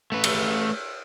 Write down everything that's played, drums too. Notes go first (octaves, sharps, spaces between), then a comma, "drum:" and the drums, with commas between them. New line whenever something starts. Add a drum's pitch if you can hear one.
A3 B4
drum: cymbal